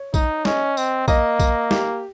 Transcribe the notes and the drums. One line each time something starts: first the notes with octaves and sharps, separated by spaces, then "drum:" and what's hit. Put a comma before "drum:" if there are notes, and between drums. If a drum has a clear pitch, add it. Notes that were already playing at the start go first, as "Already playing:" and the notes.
Already playing: C#5
D#4, drum: kick A#1, tambourine
C#4 D#5, drum: snare
C4, drum: tambourine
A#3 D#5, drum: kick A#1, tambourine
drum: kick A#1, tambourine
G4, drum: snare